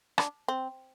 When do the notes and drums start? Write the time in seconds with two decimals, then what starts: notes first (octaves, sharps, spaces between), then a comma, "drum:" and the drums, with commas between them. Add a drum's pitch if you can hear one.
0.18 D4, drum: rim click
0.48 C4